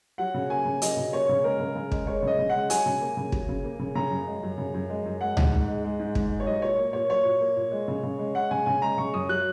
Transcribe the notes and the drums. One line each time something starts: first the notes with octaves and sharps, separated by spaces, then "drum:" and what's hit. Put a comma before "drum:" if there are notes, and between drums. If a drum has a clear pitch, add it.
F#3 F#5
C#3
A#3 G#5
C#3
F#3 D#5, drum: hi-hat
C#3
A#3 C#5
C#3
G#3 A#4
C#3
C#3
G#3, drum: kick
G#3 C#5
C#3 D#5
C#3
G#3 F#5
F#3 G#5, drum: hi-hat
C#3
A#3
C#3
F#3, drum: kick
C#3
A#3
C#3
C#3 A#5
F#2
G#3
F#2
C#3
F#2
G#3
F#2
G#3 F#5
G#2, drum: tom C#2
G#2
G#3
G#3
G#2
G#2, drum: kick
G#3
C#5
F#3 D#5
A#2 C#5
A#3
A#2 C#5
F#3 C#5
A#2
A#3
A#2
G#3
C#3
C#3
G#3
G#3 F#5
C#3 G#5
C#3 G#5
G#3 A#5
C#3 C#6
F#2 D#6
F#3 F#6